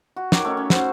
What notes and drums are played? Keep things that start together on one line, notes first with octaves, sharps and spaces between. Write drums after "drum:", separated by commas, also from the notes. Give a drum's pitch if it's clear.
F#4
D#3 C#5 D6, drum: snare
A3 C#4 D#4
C#4
F#4 C5, drum: snare